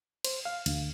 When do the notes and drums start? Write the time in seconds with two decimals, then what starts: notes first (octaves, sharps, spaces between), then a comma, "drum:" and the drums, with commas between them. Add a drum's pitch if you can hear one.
0.24 C5, drum: cymbal
0.45 F5
0.66 D2, drum: cymbal